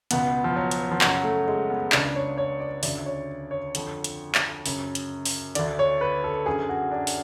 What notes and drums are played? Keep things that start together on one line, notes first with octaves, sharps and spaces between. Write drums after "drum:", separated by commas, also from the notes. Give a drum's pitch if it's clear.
C#2 B2 B3, drum: hi-hat
F3
F#3
drum: hi-hat
F3
F#2 C#3 F#3, drum: clap
A3
G#3
B3
C#2 C#3 D4, drum: clap
C#5
C#5
D5
D2 C#3 D5, drum: open hi-hat
C#5
C#5
F2 D3, drum: hi-hat
drum: hi-hat
drum: clap
F#2 C#3, drum: open hi-hat
drum: hi-hat
drum: open hi-hat
D2 D3 D5, drum: hi-hat
C#5
B4
A4
F#2 D3 G#4
F#4
D4
drum: open hi-hat